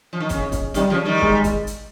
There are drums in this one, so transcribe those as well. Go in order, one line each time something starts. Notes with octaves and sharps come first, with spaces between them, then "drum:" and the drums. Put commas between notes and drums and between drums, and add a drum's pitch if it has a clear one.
F3
D#3
C#3, drum: kick, hi-hat
drum: kick, hi-hat
C3 D#3 G3, drum: hi-hat
C#3 F3
D#3 G3
G#3, drum: kick
drum: kick, hi-hat
drum: hi-hat